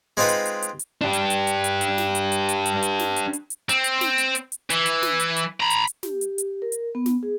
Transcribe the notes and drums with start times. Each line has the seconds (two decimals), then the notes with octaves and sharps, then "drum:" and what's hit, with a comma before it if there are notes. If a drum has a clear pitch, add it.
0.17 G#3 C4 D#4 F4 B4 F#5
0.29 drum: hi-hat
0.45 drum: hi-hat
0.62 drum: hi-hat
0.79 drum: hi-hat
1.02 D4 G4
1.13 drum: hi-hat
1.30 drum: hi-hat
1.47 drum: hi-hat
1.64 drum: hi-hat
1.81 drum: hi-hat
1.98 drum: snare
2.15 drum: hi-hat
2.32 drum: hi-hat
2.49 drum: hi-hat
2.66 drum: hi-hat
2.83 drum: hi-hat
2.99 drum: snare
3.16 drum: hi-hat
3.33 drum: hi-hat
3.50 drum: hi-hat
3.69 C4, drum: hi-hat
3.84 drum: hi-hat
4.01 drum: snare
4.18 drum: hi-hat
4.35 drum: hi-hat
4.52 drum: hi-hat
4.70 E3, drum: hi-hat
4.86 drum: hi-hat
5.03 drum: snare
5.20 drum: hi-hat
5.36 drum: hi-hat
5.60 A#5 B5
5.70 drum: hi-hat
5.87 drum: hi-hat
6.03 G4, drum: snare
6.21 drum: hi-hat
6.38 drum: hi-hat
6.62 A#4
6.72 drum: hi-hat
6.95 B3
7.06 drum: snare
7.23 G#4